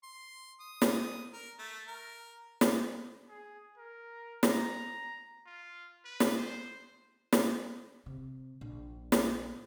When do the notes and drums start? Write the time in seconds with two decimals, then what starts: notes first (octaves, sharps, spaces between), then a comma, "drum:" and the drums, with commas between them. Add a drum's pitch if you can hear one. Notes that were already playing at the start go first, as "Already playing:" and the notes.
0.03 C6
0.61 D#6
0.82 drum: snare
1.33 A#4
1.59 A3
1.88 A#4
2.61 drum: snare
3.28 G#4
3.78 A#4
4.43 A#5, drum: snare
5.46 F4
6.05 B4
6.20 drum: snare
6.37 C5
7.33 drum: snare
8.06 C3
8.61 A#1
9.12 drum: snare